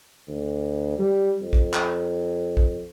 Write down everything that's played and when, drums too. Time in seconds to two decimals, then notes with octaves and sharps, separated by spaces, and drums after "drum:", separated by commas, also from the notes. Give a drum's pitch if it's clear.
0.28 D2
0.99 G3
1.41 F2
1.53 drum: kick
1.74 drum: clap
2.57 drum: kick